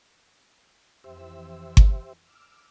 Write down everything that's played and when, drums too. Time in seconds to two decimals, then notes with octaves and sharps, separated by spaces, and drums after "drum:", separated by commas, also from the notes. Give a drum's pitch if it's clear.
1.04 F2 E3 G4 C5 E5 E6
1.77 drum: kick G1
2.21 D6 E6 F6